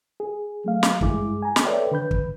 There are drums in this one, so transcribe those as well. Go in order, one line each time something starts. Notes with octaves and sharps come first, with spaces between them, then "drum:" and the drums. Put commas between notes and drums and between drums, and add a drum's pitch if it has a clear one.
G#4
F#3 A3 F5
drum: snare
G2 G#3 E4 G#4 D6, drum: kick
G#5 A#5
drum: snare
A4 B4 C#5 D5 E5 G5
D3 B4 B5 G6
drum: kick